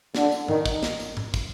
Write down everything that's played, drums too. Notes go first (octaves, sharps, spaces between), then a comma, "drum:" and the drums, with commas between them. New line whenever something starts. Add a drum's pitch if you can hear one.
D3, drum: snare
drum: tambourine
D#3, drum: tom G#2
drum: kick, tambourine
drum: snare
drum: tambourine
drum: tom G#2
drum: kick, tambourine